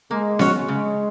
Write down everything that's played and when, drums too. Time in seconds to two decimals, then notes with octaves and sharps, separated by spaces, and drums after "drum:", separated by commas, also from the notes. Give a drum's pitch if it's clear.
0.11 G#3 A#3
0.39 C#4 F#4 C#5, drum: snare B3
0.67 C#3 G#3